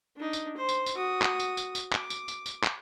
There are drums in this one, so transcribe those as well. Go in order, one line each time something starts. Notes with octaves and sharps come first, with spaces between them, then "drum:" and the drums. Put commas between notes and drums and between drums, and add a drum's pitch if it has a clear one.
D4 D#4
drum: tambourine
C5
drum: tambourine
drum: tambourine
F#4 D#6
drum: clap
drum: tambourine
drum: tambourine
drum: tambourine
D6, drum: clap
drum: tambourine
drum: tambourine
drum: tambourine
drum: clap